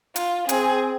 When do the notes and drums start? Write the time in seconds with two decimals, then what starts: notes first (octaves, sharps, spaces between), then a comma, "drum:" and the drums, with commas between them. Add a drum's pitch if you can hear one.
0.16 F4, drum: hi-hat
0.49 C4 G#4, drum: hi-hat